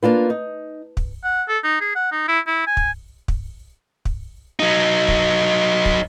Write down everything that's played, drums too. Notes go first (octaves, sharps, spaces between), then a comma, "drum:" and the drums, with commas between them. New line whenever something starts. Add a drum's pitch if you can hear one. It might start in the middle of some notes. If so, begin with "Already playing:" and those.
A#3 D4 F4 B4
D#4
drum: kick
F#5
A4
D#4
G#4
F#5
D#4
E4
E4
G#5
drum: kick
drum: kick
drum: kick
F#3 D#4
drum: kick
drum: kick